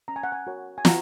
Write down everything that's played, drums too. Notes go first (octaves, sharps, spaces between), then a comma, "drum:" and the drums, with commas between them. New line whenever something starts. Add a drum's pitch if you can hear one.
C#4 A#5
G#5
F#5
G#5
F#4 A#4 C#5
G#5
F#4 A#5, drum: snare